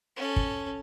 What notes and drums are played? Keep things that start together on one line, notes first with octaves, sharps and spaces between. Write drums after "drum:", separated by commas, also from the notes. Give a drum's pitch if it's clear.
C#4 A4
drum: kick